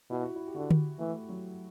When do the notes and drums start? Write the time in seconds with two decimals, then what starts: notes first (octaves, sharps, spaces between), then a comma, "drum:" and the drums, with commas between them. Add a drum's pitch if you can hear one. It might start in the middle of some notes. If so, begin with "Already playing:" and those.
0.10 B2 E4
0.23 F#4
0.36 E4
0.47 G4
0.55 D3 F#4
0.71 drum: tom D3
0.99 E3 A3
1.29 F#3